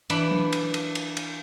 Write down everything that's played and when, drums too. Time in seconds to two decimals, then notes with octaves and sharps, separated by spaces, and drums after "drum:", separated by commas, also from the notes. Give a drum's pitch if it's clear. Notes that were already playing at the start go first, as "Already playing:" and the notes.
0.10 E3 D4 B5, drum: cymbal
0.31 drum: tom F#3
0.52 drum: cymbal
0.74 drum: cymbal
0.95 drum: cymbal
1.17 drum: cymbal